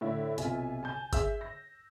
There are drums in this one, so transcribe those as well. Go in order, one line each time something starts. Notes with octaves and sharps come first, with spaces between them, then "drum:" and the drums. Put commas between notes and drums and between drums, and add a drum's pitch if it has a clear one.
A2 D3 E4
B1 C3 F4 E5 G#5, drum: hi-hat
G#5 A5 G6
G#4 E5 E6, drum: kick G#1, hi-hat
A#6